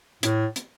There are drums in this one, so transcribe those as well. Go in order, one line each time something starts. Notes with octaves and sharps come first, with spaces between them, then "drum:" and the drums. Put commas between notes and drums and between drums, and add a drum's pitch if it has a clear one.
A2, drum: hi-hat
drum: hi-hat